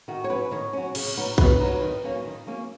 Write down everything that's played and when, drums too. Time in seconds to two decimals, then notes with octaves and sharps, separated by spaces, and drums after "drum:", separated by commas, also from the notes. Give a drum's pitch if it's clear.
0.08 D#3 F#4
0.24 C#5
0.29 F#3 C#4 B4
0.51 D#3 C#5
0.73 F#3 C#4
0.95 C#3, drum: cymbal
1.18 F#3 B3 D#4
1.38 C#3 B4, drum: kick
1.60 F#3 B3 D#4
1.81 D#3
2.04 F#3 A#3 C#4
2.25 D#3
2.47 F#3 A#3 C#4